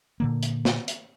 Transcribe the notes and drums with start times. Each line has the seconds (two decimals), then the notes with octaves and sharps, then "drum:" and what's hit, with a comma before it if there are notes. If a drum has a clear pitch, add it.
0.20 A#2 D3 A#3
0.43 drum: hi-hat
0.65 drum: snare
0.88 drum: hi-hat